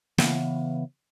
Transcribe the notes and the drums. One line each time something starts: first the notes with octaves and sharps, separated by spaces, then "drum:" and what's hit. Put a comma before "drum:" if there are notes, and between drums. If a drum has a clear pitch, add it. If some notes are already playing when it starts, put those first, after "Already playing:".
C#3 E3 B3, drum: snare